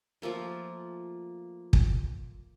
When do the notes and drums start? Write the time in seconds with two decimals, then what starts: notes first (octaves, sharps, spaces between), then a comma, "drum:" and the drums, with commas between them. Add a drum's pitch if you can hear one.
0.22 F3 A3 A#3 F4
1.73 drum: kick